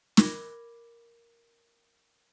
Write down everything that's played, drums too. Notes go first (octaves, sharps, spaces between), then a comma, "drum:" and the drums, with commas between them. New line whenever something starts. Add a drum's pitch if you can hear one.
A#4 B5 D6 G#6 A#6 F#7, drum: snare